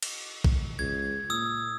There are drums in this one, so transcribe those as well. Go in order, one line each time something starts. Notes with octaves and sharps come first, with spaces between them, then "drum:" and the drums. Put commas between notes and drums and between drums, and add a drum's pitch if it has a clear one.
drum: cymbal
drum: kick A#1
C#2 G#6
A#2 D#6 E6